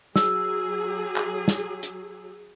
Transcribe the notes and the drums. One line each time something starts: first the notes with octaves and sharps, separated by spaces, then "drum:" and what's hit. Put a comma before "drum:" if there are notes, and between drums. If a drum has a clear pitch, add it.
F#3 G#4 E6, drum: snare
drum: clap
drum: snare
drum: hi-hat